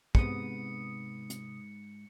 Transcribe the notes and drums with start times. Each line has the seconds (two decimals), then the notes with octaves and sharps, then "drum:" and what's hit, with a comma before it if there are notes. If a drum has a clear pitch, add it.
0.15 G#2 C3 B3 D#6 C#7, drum: kick
1.30 drum: hi-hat